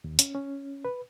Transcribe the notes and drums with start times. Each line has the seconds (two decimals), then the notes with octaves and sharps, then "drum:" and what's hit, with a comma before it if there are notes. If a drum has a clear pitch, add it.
0.04 D#2
0.19 C#4, drum: hi-hat
0.35 C#4
0.85 B4